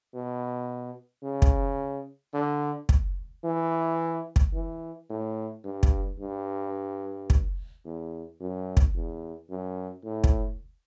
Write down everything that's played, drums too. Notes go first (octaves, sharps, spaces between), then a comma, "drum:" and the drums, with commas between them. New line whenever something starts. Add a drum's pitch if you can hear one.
B2
C#3
drum: kick
D3
drum: kick
E3
drum: kick
E3
A2
G2
drum: kick
G2
drum: kick
E2
F#2
drum: kick
E2
F#2
A2
drum: kick